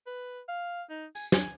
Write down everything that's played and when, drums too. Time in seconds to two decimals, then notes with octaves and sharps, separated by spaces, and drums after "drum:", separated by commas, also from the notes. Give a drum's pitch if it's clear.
0.07 B4
0.48 F5
0.90 D#4
1.15 G#5, drum: tambourine
1.32 G#5, drum: snare